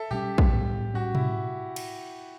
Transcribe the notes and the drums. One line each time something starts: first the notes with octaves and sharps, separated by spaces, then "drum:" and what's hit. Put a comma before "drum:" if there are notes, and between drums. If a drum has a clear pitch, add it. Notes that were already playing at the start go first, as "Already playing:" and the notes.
Already playing: A4 E5
B2 G3 C#4 G4
drum: kick A#1
A2 G3 B3
A2 G3 C#4 F#4
E4, drum: tom B2
drum: cymbal